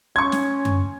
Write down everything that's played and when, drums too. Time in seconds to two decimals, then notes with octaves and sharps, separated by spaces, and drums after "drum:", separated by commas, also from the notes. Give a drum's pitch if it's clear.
0.16 C#4 C6 C#6 G#6
0.32 drum: snare
0.65 drum: tom F#2